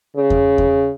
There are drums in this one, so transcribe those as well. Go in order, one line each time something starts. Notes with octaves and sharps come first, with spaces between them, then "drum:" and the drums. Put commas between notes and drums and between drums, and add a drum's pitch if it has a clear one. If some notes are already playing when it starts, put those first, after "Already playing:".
C#3
drum: kick E2
drum: kick E2